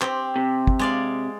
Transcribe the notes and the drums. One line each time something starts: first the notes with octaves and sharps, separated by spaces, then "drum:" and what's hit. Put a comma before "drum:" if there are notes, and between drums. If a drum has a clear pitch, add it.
C4 G4, drum: clap
C3
drum: kick
G#3 D5 F5